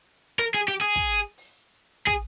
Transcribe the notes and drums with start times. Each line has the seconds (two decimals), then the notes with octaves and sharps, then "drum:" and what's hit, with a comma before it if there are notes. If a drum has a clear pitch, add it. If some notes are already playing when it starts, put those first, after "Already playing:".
0.39 A#4
0.54 G#4
0.68 G4
0.81 G#4
0.96 drum: kick
1.10 drum: hi-hat
1.37 drum: open hi-hat
2.07 G#4, drum: kick